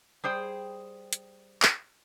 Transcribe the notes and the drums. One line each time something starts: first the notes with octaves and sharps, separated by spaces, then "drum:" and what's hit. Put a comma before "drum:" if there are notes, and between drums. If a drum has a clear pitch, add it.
G3 G#4 C5 G5
drum: hi-hat
drum: clap